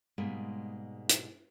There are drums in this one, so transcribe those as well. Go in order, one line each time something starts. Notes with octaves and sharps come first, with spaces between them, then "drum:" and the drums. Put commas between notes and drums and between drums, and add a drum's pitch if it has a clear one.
G#2 B2 G3 G#3 A#3
drum: hi-hat